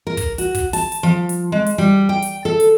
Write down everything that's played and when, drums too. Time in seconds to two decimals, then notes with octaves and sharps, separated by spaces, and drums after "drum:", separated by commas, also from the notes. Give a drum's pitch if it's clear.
0.07 A#4
0.17 drum: kick, hi-hat
0.38 F#4, drum: hi-hat
0.55 drum: kick, hi-hat
0.73 A5, drum: open hi-hat
0.92 drum: hi-hat
1.03 F3
1.29 drum: hi-hat
1.52 G#3
1.66 drum: hi-hat
1.78 G3
2.09 G5
2.22 drum: hi-hat
2.45 A4
2.60 drum: hi-hat